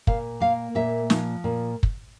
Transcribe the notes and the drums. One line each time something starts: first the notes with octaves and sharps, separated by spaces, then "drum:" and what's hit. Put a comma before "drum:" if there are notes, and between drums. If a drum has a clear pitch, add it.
A#2 F5, drum: kick
A#3 F5
A#2 E5
F3, drum: snare
A#2
drum: kick